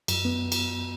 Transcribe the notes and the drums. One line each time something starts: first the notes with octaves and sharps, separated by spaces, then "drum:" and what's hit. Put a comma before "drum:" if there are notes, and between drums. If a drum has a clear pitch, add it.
F#2, drum: cymbal
B3
drum: cymbal